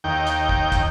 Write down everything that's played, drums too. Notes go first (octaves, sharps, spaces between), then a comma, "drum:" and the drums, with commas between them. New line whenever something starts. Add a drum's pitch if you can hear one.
D#2 G5
drum: hi-hat
drum: kick
drum: kick, hi-hat